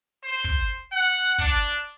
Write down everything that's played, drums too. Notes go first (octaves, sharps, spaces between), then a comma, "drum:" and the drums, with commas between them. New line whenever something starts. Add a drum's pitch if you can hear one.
C5
drum: kick
F#5
D4, drum: kick